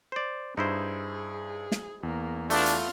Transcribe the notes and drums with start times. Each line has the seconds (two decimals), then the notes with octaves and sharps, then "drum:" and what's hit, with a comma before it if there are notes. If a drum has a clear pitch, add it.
0.12 C5 D5
0.57 G2 D#4 E4 G#4 C5
1.72 drum: snare
2.03 E2 A#3
2.50 A3 B3 D4 F4, drum: open hi-hat
2.66 drum: hi-hat